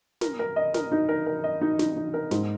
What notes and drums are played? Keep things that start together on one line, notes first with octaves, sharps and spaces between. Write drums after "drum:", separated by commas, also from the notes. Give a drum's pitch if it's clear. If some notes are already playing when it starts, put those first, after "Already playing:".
A#4, drum: snare
A#4
D#5
A#4, drum: snare
D#4
A#4
A#4
D#5
D#4
D#4, drum: snare
D#4
A#4
G#2, drum: snare